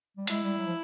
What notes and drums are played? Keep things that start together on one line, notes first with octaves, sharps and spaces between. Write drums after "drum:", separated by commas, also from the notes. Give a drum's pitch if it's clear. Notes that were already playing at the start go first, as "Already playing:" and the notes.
G3
G#3 E4, drum: hi-hat
G3
F#3
F3